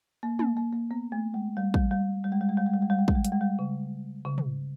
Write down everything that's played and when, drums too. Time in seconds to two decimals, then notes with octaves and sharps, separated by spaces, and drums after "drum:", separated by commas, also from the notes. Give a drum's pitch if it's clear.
0.23 A#3
0.39 A#3, drum: tom
0.57 A#3
0.73 A#3
0.91 B3
1.12 A3
1.34 G#3
1.57 G3
1.74 G3, drum: kick
1.91 G3
2.24 G3
2.32 G#3
2.41 G3
2.49 G#3
2.57 G3
2.66 G#3
2.74 G3
2.82 G#3
2.90 G3
2.98 G#3
3.08 G3, drum: kick
3.15 G#3
3.25 G3, drum: hi-hat
3.32 G#3
3.41 G3
3.59 C#3
4.25 C#3
4.38 drum: tom